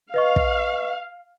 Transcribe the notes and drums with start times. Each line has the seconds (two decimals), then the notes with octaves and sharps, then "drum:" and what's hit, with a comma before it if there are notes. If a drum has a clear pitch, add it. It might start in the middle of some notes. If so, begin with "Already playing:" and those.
0.14 B4 D#5 F5 C#6
0.36 drum: kick